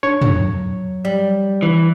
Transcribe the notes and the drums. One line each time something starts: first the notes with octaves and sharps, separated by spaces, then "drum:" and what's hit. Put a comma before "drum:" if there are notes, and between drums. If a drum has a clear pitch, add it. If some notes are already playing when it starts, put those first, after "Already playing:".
D4 C#5
drum: tom
F#3
G3
E3